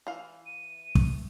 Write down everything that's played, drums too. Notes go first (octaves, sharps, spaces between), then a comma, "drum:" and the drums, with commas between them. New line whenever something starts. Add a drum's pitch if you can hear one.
E3 F5
D#7
drum: kick